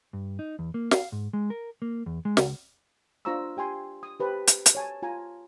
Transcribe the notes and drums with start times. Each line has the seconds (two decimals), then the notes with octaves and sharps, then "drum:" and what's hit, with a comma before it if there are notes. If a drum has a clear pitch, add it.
0.13 G2
0.39 D#4
0.59 E2
0.74 A#3
0.91 F5, drum: snare
1.12 G#2
1.33 G#3
1.50 A#4
1.82 A#3
2.06 E2
2.25 G#3
2.37 C#2, drum: snare
3.25 D4 F4 C5 A#5 C#6 E6
3.57 G4 G5 G#5 C6
4.03 D#6
4.20 G4 B4 C5 A5
4.47 drum: hi-hat
4.66 drum: hi-hat
4.75 C#5 G#5 A5
5.03 F4 G#5 A#5